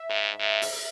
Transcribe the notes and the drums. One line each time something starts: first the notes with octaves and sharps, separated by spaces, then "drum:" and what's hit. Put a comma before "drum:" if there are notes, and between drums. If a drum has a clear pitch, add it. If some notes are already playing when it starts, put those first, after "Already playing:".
Already playing: E5
G#2
G#2
drum: open hi-hat